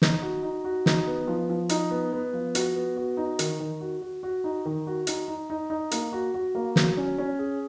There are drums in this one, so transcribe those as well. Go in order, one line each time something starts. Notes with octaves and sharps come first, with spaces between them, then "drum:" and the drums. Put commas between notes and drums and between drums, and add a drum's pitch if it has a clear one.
D#4, drum: snare
F#4
D#4
F#4
D#4, drum: snare
B3
F3
F3
D#4, drum: hi-hat
B3
B3
F3
F#4, drum: hi-hat
B3
F#4
D#4
D#3, drum: hi-hat
D#3
F#4
F#4
F#4
D#4
D#3
F#4
D#4, drum: hi-hat
D#4
D#4
D#4
A#3, drum: hi-hat
F#4
F#4
A#3
F#3, drum: snare
C#4
C#4
G#4